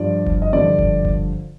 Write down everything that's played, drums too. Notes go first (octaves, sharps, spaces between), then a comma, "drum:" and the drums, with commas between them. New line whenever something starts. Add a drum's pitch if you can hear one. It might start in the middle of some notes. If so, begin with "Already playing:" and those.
Already playing: G2 F3 D5
drum: kick F#1
D#5
G2 D3 F3 D5
drum: kick F#1
drum: kick F#1